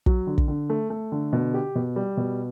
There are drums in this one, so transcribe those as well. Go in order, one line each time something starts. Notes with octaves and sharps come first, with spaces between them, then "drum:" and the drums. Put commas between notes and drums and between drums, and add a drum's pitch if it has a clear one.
F#3, drum: kick
D3
drum: kick
D3
A3
A3
D3
B2
G4
B2
G3
B2